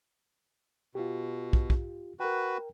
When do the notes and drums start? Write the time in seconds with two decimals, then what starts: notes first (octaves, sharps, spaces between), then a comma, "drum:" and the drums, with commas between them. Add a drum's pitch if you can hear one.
0.95 B2 F4 G4
1.53 drum: kick
1.70 drum: kick
2.20 F#4 A#4 B4 G5